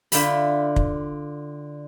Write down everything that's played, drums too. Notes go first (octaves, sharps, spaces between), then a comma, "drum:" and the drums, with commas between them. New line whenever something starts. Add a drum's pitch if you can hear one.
D3 F4 E5 G5 B5, drum: open hi-hat
drum: kick